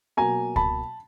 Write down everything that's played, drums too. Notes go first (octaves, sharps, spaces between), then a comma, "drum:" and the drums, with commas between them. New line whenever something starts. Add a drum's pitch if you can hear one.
B2 F#3 A#3 G#5 A#5
A5 B5, drum: kick C#2